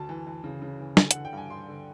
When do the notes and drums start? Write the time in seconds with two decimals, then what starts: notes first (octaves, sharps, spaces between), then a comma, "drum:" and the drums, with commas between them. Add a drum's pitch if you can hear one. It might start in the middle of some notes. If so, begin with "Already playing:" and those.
Already playing: D2 A5
0.09 E3
0.27 E3
0.44 C#3
0.62 C#3
0.80 E3
0.97 D3 G#5, drum: snare
1.11 F#5, drum: hi-hat
1.15 D3
1.25 G5
1.33 G2 G#5
1.50 G2 C6
1.68 D3